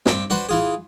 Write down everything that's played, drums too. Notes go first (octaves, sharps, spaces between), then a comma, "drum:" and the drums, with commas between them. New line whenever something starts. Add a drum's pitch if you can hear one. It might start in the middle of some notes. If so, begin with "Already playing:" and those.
G2 C4, drum: snare
D4 F#4 B4 C5
E3 F4 G#4